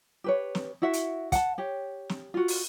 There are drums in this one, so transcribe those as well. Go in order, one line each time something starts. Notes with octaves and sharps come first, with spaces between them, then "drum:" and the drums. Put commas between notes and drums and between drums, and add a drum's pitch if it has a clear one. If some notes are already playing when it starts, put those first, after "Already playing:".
G4 B4 C#5
drum: snare
E4 F#4 E5 F#5
drum: hi-hat
F#5 A5, drum: kick, hi-hat
G4 C#5
drum: snare
F4 F#4
drum: open hi-hat